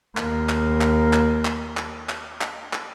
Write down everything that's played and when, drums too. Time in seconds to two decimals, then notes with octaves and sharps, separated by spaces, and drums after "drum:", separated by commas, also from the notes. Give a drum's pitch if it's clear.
0.17 D#2 A#3, drum: clap
0.49 drum: clap
0.81 drum: clap
1.13 drum: clap
1.45 drum: clap
1.77 drum: clap
2.09 drum: clap
2.41 drum: clap
2.73 drum: clap